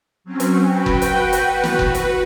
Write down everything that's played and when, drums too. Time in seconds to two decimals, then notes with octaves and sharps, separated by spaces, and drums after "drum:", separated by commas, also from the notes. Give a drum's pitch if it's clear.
0.24 F#3 C4 C#4
0.40 drum: hi-hat
0.66 F#4 B4 G5
0.86 drum: kick F#1
1.02 drum: hi-hat
1.33 drum: hi-hat
1.64 drum: snare
1.79 drum: kick F#1
1.95 drum: hi-hat